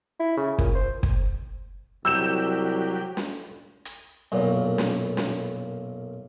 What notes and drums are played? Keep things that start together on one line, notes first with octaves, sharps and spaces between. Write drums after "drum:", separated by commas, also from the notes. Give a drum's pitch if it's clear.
E4
C#3
A#2, drum: kick
C5
drum: kick
C2 F#3 G4 E6 G6 E7
drum: snare
drum: hi-hat
B1 F#2 A#2
drum: snare
drum: snare